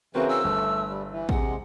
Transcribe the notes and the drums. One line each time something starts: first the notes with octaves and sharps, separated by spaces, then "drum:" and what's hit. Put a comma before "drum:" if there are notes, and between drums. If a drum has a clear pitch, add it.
C#3 E3 C4 F#4 A#4 B4
E6
G1 A3
G3
E3
C3 G#3 F#5, drum: kick A1